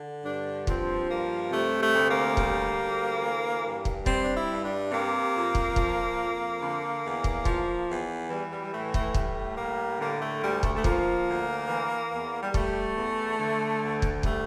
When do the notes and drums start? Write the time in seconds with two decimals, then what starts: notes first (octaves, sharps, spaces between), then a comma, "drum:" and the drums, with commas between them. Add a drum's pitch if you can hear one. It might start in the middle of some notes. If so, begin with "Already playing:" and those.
Already playing: D3
0.25 G2 D4
0.67 F3 C4, drum: kick
1.09 G2 A#3
1.52 C3 A3
1.81 A3
1.95 D2
2.08 A#3
2.37 G3, drum: kick
2.79 D2
3.22 E3
3.64 G2
3.85 drum: kick
4.06 G3 C4, drum: kick
4.23 D4
4.35 E4
4.49 G2
4.63 D4
4.91 C3 A#3
5.34 F2
5.55 drum: kick
5.76 F3, drum: kick
6.18 F2
6.61 D3
7.03 E2
7.24 drum: kick
7.45 F3, drum: kick
7.88 E2
8.30 E3 G3
8.52 G3
8.62 G3
8.72 A2 A3
8.94 A3, drum: kick
9.14 G3 A3, drum: kick
9.57 A2 A#3
9.99 D3 A#3
10.21 A3
10.42 D2 G3
10.63 A3, drum: kick
10.76 A3
10.84 F3 A#3, drum: kick
11.27 D2
11.69 E3
12.12 E2
12.41 G3
12.54 G3 A3, drum: kick
12.96 E2
13.39 D3
13.81 D2
14.02 drum: kick
14.23 G3 A3, drum: kick